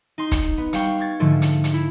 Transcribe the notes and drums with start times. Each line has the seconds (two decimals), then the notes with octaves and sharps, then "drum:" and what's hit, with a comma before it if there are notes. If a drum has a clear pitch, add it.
0.18 D#4 C6
0.32 drum: kick, hi-hat
0.58 B3
0.73 G3 F5 G5 C#6, drum: hi-hat
0.99 C#6 G#6 A6
1.20 G#2 D3 F3 A3
1.42 drum: hi-hat
1.64 drum: hi-hat
1.74 E4